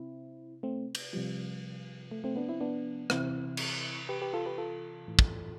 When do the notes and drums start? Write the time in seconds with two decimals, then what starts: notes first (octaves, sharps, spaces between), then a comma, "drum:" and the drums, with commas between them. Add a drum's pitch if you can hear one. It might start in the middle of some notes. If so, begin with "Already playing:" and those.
Already playing: C3 C4 E4
0.63 A3 C4
0.95 drum: cymbal
1.13 C3 F3 G3
2.11 A3
2.24 A3 C4
2.36 B3 D4
2.49 C4 E4
2.60 B3 D4
3.10 C3 E3 C4 E4, drum: rim click
3.57 drum: cymbal
4.09 G4 B4
4.22 G4 B4
4.33 F4 A4
4.46 G4 B4
4.58 F4 A4
5.08 A2 E3
5.19 drum: kick